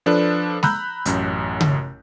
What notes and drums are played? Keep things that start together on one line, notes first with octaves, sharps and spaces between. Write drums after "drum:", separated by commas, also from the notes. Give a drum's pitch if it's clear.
F3 D4 A4 B4
A#5 B5 E6 F#6 G6, drum: snare G#3
A1 F#2, drum: hi-hat
drum: tom C#3